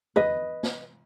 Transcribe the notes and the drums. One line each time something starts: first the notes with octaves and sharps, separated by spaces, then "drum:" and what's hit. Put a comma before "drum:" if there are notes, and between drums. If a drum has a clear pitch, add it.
B4 D#5, drum: tom
drum: snare